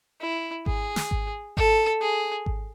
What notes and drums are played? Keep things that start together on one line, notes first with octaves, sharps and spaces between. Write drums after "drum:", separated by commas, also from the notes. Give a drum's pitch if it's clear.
E4
G#4, drum: kick G#1
drum: snare
drum: kick G#1
A4, drum: kick G#1
G#4
drum: kick G#1